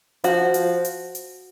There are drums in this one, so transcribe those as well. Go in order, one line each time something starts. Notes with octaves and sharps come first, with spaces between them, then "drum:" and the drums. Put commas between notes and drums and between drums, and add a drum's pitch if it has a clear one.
F3 F#4, drum: hi-hat
F3, drum: hi-hat
drum: hi-hat
drum: hi-hat